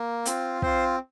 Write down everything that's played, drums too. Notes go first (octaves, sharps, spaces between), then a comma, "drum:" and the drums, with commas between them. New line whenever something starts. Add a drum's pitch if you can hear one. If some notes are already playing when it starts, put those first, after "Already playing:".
Already playing: A#3
C4 F4, drum: hi-hat
C4 F4 C5, drum: kick